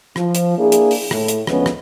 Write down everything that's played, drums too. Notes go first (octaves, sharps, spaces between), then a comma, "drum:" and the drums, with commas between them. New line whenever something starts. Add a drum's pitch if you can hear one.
F3, drum: rim click
drum: hi-hat
A#3 D4 E4 G#4
drum: hi-hat
drum: open hi-hat
A2, drum: rim click
drum: hi-hat
D2 F3 G#3 B3 C#4, drum: rim click
drum: rim click